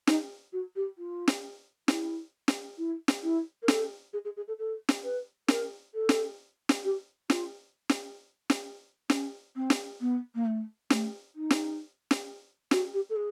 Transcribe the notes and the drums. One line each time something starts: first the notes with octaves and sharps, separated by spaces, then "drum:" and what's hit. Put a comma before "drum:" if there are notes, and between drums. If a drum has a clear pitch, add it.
D#4, drum: snare
F#4
G4
F4
drum: snare
E4, drum: snare
drum: snare
E4
drum: snare
E4
A#4
A4, drum: snare
G#4
G#4
G#4
A4
A4
drum: snare
B4
A#4, drum: snare
A4
drum: snare
drum: snare
G4
F4, drum: snare
drum: snare
drum: snare
C#4, drum: snare
C4
drum: snare
B3
A#3
A3
A3, drum: snare
D#4
drum: snare
drum: snare
F#4, drum: snare
G4
A4
G#4